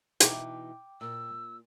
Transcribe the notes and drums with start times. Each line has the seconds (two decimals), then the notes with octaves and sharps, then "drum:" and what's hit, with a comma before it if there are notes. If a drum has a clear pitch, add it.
0.20 B2 E3 D#4 G5 D6, drum: hi-hat
1.01 A#2 E6